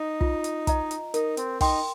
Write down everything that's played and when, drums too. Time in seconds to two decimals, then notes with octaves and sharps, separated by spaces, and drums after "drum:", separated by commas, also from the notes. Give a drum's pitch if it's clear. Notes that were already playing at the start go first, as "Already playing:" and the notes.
Already playing: D#4
0.21 F4, drum: kick
0.44 drum: hi-hat
0.67 D#5 A#5, drum: kick, hi-hat
0.91 drum: hi-hat
1.14 D#4 A#4, drum: hi-hat
1.37 C4, drum: hi-hat
1.61 D#4 G5 C6, drum: kick, open hi-hat